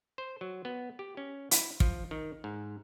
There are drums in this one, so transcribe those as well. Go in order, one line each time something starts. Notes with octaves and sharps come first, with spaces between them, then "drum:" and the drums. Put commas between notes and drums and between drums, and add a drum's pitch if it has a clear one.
C5
F#3
B3
G4
C#4
E4, drum: hi-hat
F3, drum: kick
D#3
G#2